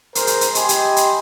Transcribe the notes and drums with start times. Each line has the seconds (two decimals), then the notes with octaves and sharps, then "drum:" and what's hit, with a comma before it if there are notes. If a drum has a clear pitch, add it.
0.15 G#4 A#4 C5, drum: hi-hat
0.27 drum: hi-hat
0.41 drum: hi-hat
0.55 G4 D#5 G#5 B5 C6, drum: hi-hat
0.69 drum: hi-hat
0.96 drum: hi-hat